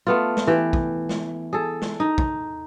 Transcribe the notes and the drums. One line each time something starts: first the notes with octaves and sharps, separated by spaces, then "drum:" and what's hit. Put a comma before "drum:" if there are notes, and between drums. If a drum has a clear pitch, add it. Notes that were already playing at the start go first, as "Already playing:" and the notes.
A3 B3 F4
drum: snare
E3 G4
drum: kick
drum: snare
G#4 A4
drum: snare
D#4
drum: kick